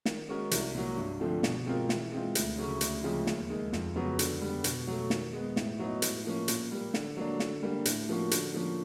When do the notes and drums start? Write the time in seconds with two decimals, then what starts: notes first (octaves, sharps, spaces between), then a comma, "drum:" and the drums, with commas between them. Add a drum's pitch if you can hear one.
0.06 D#3, drum: snare
0.28 G#3 C#4 F#4 A#4
0.51 C2, drum: hi-hat
0.75 A#2 F#3
0.97 G2
1.20 D3 F3 A3 C4
1.43 B2, drum: snare
1.66 G#3 C4 F4 A#4
1.89 E3, drum: snare
2.12 G#3 C4 F4
2.35 D2, drum: hi-hat
2.58 C#3 F#3 A3 C#4
2.81 D2, drum: hi-hat
3.04 C#3 F3 G#3 C4
3.27 D#2, drum: snare
3.50 D#3 G#3
3.73 F2, drum: snare
3.96 C#3 F#3 B3
4.19 D3, drum: hi-hat
4.42 G3 B3
4.64 B2, drum: hi-hat
4.88 F#3 A3
5.10 D#3, drum: snare
5.33 G#3 B3
5.56 A2, drum: snare
5.79 F#3 B3 D#4
6.02 A2, drum: hi-hat
6.25 F3 A#3 C#4
6.48 A#2, drum: hi-hat
6.71 G3 A#3
6.94 D3, drum: snare
7.17 F#3 A#3 D4
7.40 D3, drum: snare
7.63 G3 A#3 D4
7.85 A2, drum: hi-hat
8.09 F3 A#3 C#4 F#4
8.31 D3, drum: hi-hat
8.54 F3 A#3 C#4